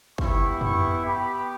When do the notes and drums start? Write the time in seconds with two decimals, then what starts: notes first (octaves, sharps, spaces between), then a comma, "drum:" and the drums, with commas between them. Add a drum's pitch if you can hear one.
0.18 B3 E4 G4 C#6, drum: kick
0.61 C#6, drum: tom
1.04 B3 G4 B5